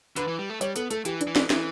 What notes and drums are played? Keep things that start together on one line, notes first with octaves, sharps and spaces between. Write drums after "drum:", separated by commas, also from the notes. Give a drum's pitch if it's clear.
D3 B4, drum: hi-hat
E3
G3
A3
G3 C#5, drum: hi-hat
B3 A4, drum: hi-hat
A3 A4, drum: hi-hat
E3 G4, drum: hi-hat
D4, drum: hi-hat
E3
D4, drum: snare
E3 E4, drum: snare